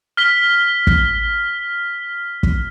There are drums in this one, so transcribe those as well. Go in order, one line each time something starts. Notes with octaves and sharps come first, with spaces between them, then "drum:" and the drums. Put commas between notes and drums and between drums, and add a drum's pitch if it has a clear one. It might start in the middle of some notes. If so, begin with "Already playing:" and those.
F6 B6 G7
drum: kick
drum: kick